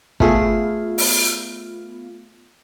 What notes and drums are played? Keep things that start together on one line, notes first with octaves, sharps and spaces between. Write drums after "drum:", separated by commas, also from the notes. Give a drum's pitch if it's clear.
A3 B3 F4 G#4, drum: kick
drum: open hi-hat